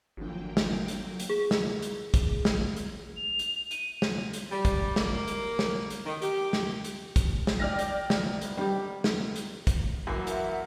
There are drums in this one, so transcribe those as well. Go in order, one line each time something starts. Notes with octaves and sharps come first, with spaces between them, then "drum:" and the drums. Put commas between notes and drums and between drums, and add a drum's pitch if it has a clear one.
G#1 D3 F3 F#3 A#3 G5
drum: snare
drum: hi-hat
drum: hi-hat
G#4
drum: snare
drum: hi-hat
drum: kick, hi-hat
drum: snare
drum: hi-hat
F7
drum: hi-hat
D#7, drum: hi-hat
drum: snare
drum: hi-hat
G3
drum: kick, hi-hat
A#3, drum: snare
drum: hi-hat
drum: snare
drum: hi-hat
D#3
G4, drum: hi-hat
drum: snare
drum: hi-hat
drum: kick, hi-hat
drum: snare
D5 G5 F6 A#6
drum: hi-hat
C3 D#3 B3, drum: snare
drum: hi-hat
G3 G4
drum: snare
drum: hi-hat
drum: kick, hi-hat
F#2 E3 A#3
A#4 E5 F#5, drum: hi-hat